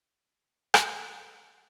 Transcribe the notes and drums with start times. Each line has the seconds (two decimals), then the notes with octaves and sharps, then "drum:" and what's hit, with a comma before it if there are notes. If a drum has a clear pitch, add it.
0.21 C#4
0.74 drum: rim click